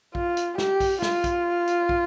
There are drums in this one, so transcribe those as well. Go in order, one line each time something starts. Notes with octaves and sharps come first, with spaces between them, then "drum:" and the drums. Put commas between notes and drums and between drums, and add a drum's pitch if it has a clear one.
F4, drum: kick
drum: hi-hat
G4, drum: snare
drum: kick, open hi-hat
F4, drum: snare
drum: kick, hi-hat
drum: hi-hat
drum: kick